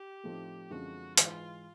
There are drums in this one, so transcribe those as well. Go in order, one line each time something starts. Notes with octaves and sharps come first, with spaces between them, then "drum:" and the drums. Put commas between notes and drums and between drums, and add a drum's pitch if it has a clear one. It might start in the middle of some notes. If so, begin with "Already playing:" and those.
Already playing: G4
A2 F3 A3 C4 D#4
F#2 D3 F3 G#3 C4 F#4
G#2 E3 G#3 F4, drum: hi-hat